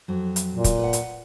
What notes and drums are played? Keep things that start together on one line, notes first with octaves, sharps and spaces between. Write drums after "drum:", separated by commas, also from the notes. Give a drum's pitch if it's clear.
F2 F#3
drum: hi-hat
A#2
drum: kick, hi-hat
B4 F#5
drum: hi-hat